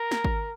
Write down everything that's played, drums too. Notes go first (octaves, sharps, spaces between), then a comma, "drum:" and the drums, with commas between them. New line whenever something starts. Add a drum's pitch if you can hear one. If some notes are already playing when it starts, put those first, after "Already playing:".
Already playing: A#4
drum: snare
drum: kick G#1